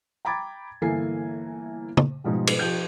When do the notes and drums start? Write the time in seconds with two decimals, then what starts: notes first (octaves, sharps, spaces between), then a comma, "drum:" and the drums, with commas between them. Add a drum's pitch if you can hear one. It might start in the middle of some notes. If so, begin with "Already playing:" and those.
0.25 G5 A#5 B5 D6 G#6 A6
0.81 G1 E3 A#3 A4 G#5 C7
1.97 drum: tom
2.24 G#2 B2 F3 G3
2.47 drum: cymbal
2.59 F3 G4 G6